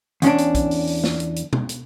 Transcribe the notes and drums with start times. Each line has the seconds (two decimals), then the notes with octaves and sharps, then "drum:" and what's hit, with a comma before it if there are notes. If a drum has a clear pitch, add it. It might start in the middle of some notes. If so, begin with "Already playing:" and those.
0.22 E2 C#4 D4, drum: hi-hat
0.38 drum: hi-hat
0.55 drum: kick, hi-hat
0.71 drum: open hi-hat
0.87 drum: open hi-hat
1.04 drum: snare
1.20 drum: hi-hat
1.36 drum: hi-hat
1.53 drum: tom B2
1.69 drum: hi-hat